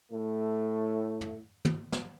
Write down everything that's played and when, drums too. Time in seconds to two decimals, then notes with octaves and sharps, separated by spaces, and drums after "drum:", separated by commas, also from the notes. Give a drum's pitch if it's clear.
0.12 A2 A3
1.21 drum: tom
1.65 drum: tom
1.92 drum: snare